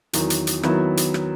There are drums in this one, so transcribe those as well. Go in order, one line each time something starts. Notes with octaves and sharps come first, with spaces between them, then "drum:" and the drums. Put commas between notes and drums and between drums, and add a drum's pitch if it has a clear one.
E2 D#3 F#3, drum: hi-hat
drum: hi-hat
drum: hi-hat
D#3 F#3 B3 E4, drum: rim click
drum: hi-hat
drum: rim click